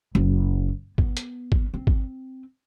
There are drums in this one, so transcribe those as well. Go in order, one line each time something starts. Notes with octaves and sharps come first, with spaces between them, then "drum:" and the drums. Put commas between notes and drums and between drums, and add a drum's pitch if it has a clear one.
F#1
B3, drum: kick G#1
drum: hi-hat
drum: kick G#1
C4
drum: kick G#1